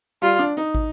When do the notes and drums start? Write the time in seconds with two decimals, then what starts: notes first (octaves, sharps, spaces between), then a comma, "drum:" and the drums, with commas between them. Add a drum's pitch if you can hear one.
0.22 G3 F4
0.39 D4
0.57 D#4
0.75 drum: kick